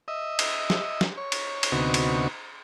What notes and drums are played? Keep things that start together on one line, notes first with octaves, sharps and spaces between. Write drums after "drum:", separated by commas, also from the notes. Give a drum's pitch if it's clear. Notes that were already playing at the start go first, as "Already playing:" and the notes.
D#5 E5
drum: cymbal
drum: snare
drum: snare
C#5
drum: cymbal
drum: cymbal
D2 C3 B3 D#4 F#4 C#6
drum: cymbal